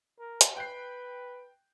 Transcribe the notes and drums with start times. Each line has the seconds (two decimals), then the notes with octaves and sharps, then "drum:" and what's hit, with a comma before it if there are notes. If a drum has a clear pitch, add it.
0.19 A#4
0.41 drum: hi-hat
0.56 B4 G5 F#6 C7